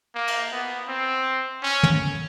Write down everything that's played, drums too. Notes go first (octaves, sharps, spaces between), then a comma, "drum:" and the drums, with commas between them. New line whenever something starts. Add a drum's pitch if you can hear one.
A#3
drum: cymbal
B3
C4
C#4
drum: tom